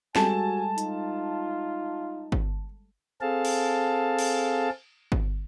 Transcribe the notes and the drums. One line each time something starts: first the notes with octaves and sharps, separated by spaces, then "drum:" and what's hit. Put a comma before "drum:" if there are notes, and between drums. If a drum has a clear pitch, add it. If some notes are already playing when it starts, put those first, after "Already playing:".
G3 G#3 F#4 A4 G#5 A5, drum: snare
D#4 F4, drum: hi-hat
drum: kick G1
C4 G#4 A4 F5 A5
drum: cymbal
drum: cymbal
drum: kick G1